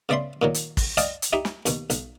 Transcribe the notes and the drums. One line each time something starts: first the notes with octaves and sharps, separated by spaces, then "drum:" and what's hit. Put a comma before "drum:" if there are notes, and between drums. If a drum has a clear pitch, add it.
C#3 B3 D5 E5 B5 C6
A#2 D#3 F#3
drum: hi-hat
drum: kick, open hi-hat
D5 D#5 F5 G5 A5, drum: hi-hat
drum: hi-hat
D#4 E4 G4 E5
drum: snare
D#2 B2, drum: hi-hat
B1, drum: hi-hat